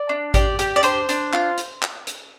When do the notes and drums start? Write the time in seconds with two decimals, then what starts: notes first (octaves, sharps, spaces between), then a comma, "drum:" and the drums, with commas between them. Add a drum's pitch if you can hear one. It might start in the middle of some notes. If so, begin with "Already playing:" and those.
Already playing: D5
0.09 D4
0.34 G4 D5, drum: kick G#1, hi-hat
0.59 G4, drum: hi-hat
0.76 D5
0.83 D4 C5, drum: hi-hat
1.09 D4, drum: hi-hat
1.33 F4, drum: clap
1.58 drum: hi-hat
1.82 drum: clap
2.07 drum: hi-hat